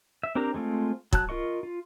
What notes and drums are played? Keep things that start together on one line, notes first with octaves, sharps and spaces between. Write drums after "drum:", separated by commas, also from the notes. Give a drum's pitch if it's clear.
E5
C4 D4 G4 A#4 A#5
G#3 A3 C4 F4
F#3 A5 F#6, drum: kick
F4 A#4 D#5 C#6
F4